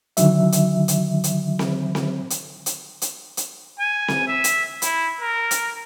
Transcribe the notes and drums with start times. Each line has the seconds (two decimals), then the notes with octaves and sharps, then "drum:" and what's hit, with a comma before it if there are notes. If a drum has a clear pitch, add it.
0.17 D3 D#3 F#3 E5, drum: hi-hat
0.52 drum: hi-hat
0.88 drum: hi-hat
1.24 drum: hi-hat
1.59 drum: snare C4
1.95 drum: snare C4
2.30 drum: hi-hat
2.66 drum: hi-hat
3.02 drum: hi-hat
3.37 drum: hi-hat
3.79 G#5
4.08 drum: snare C4
4.27 E5
4.44 drum: hi-hat
4.82 E4, drum: hi-hat
5.21 A#4
5.51 drum: hi-hat